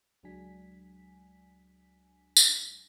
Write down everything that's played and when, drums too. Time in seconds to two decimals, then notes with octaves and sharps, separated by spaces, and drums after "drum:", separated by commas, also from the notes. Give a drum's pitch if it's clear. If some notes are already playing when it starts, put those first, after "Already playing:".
0.23 C#2 F#3 G#3 D4 G#5 B6
2.37 drum: tambourine